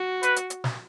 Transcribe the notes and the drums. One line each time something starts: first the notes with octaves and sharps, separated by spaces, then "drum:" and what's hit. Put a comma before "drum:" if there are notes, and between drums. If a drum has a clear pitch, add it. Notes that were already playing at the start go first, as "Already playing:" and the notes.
Already playing: F#4
B4, drum: hi-hat
drum: hi-hat
drum: hi-hat
drum: snare